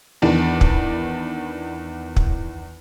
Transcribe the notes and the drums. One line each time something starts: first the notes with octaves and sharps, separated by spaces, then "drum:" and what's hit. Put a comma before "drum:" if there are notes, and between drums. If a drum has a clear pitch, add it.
E2 D#3 E3 D4
drum: kick
drum: kick